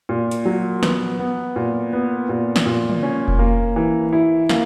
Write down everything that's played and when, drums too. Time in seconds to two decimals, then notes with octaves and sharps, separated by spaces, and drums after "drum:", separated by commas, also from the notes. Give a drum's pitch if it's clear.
0.09 A#2
0.31 drum: hi-hat
0.45 F#3
0.83 B3, drum: snare
1.19 B3
1.56 A#2
1.93 B3
2.29 A#2
2.56 drum: snare
2.66 A#2
2.90 drum: tom
3.03 C#4
3.28 drum: kick F1
3.39 A#3
3.76 E3
4.13 E4
4.49 A#3, drum: snare